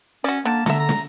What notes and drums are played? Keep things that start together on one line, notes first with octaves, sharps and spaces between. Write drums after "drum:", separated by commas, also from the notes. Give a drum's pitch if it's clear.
C#4 F#4 D5
D3 A#3 A5
D3 A4 E5 A#5, drum: snare
A#5
drum: snare